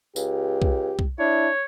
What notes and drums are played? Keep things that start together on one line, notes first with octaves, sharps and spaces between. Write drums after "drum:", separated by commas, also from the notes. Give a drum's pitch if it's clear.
C#2 G4, drum: tambourine
drum: kick
drum: kick
D4 E4 C#5